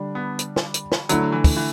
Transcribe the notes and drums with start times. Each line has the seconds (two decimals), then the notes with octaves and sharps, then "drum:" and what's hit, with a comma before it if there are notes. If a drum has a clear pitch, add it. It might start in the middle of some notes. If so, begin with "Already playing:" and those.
Already playing: D3 G3 D4
0.15 B3
0.39 drum: hi-hat
0.56 drum: snare
0.74 drum: hi-hat
0.92 drum: snare
1.09 D3 F#3 A3 E4, drum: hi-hat
1.32 E3
1.44 drum: kick, open hi-hat
1.56 E3